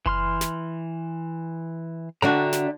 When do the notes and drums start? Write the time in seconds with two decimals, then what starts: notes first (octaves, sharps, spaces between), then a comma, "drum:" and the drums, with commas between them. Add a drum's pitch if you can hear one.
0.06 E3 C6 F6, drum: kick F#1
0.41 drum: snare
2.22 D3 D4 F#4 E5 G5 A#5
2.53 drum: snare